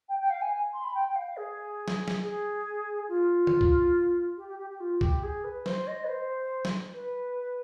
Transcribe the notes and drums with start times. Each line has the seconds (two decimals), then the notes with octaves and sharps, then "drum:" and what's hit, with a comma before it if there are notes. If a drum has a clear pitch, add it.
0.09 G5
0.19 G5
0.30 F5
0.41 G#5
0.52 G#5
0.73 C6
0.84 B5
0.95 G5
1.08 G5
1.16 F5
1.37 G#4
1.88 drum: snare
2.08 drum: snare
2.23 G#4
3.09 F4
3.47 drum: tom D3
3.61 drum: kick
4.37 G4
4.48 G4
4.58 G4
4.69 G4
4.80 F4
5.01 G4, drum: kick
5.23 G#4
5.44 B4
5.66 C5, drum: snare
5.87 D#5
6.04 B4
6.09 C5
6.65 drum: snare
6.94 B4